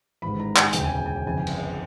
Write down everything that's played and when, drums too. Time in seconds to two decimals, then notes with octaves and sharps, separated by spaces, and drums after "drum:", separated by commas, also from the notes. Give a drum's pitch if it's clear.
0.22 A1 G#2 D#3 B5
0.40 A#5
0.56 G#5, drum: clap
0.73 E1 D2 C#3 G5, drum: hi-hat
0.84 G#5
0.95 G5
1.06 G#5
1.16 G5
1.25 G1 F2 C#3 E3 G#5
1.38 G5
1.47 drum: cymbal